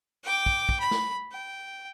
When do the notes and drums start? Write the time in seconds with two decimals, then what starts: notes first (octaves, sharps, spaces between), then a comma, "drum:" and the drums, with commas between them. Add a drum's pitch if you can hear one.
0.24 G5 D6
0.46 drum: kick
0.69 drum: kick
0.80 B5
0.91 drum: snare
1.32 G5